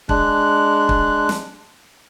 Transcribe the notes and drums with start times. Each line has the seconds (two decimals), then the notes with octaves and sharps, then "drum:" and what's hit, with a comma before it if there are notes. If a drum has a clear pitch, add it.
0.09 G#3 D4 F#6, drum: kick
0.89 drum: kick
1.29 drum: snare